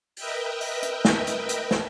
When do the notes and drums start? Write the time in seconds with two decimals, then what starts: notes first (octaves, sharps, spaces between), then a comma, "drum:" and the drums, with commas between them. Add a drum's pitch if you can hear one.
0.16 A#4 B4 D#5 E5 G5, drum: open hi-hat
0.61 drum: open hi-hat
0.83 drum: hi-hat
1.05 drum: snare
1.27 drum: hi-hat
1.49 drum: hi-hat
1.71 drum: snare